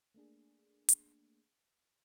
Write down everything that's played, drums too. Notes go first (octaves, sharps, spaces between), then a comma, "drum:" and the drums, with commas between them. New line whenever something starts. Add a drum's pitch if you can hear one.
A3 A#3 D4 G#4
drum: hi-hat